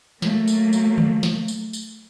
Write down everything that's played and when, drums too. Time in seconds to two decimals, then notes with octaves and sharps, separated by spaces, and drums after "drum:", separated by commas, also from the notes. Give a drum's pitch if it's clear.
0.22 F#3 A3 A#3, drum: snare
0.48 drum: tambourine
0.73 drum: tambourine
0.98 drum: tom D3
1.23 drum: snare
1.48 drum: tambourine
1.73 drum: tambourine